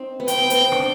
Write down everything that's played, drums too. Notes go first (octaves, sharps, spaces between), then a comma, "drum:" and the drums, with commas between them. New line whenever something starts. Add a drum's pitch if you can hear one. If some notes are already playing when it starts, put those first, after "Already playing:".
Already playing: C4 D#4
B3
C4 G5, drum: hi-hat
B3
B3, drum: hi-hat
C4
D4, drum: rim click